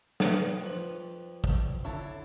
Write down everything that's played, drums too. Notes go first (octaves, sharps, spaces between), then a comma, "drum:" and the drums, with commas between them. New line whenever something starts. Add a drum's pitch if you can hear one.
B4 D#5, drum: snare
F2 F3 B4
drum: kick
D3 E4 C#5 A5